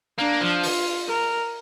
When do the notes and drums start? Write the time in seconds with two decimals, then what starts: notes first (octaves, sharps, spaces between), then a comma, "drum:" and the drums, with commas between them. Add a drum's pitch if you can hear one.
0.19 A#3 D4
0.41 F3
0.63 F4, drum: open hi-hat
1.07 A#4